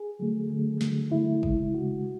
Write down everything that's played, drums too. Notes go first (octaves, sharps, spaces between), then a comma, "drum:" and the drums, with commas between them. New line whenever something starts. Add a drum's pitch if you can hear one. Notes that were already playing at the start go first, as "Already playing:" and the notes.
Already playing: G#4
D3 F#3 A3
D3 F#3 A3
D3 F#3 A3, drum: snare
D3 F#3 A3 E4
C#3 G#3, drum: kick
C#3 G#3 F#4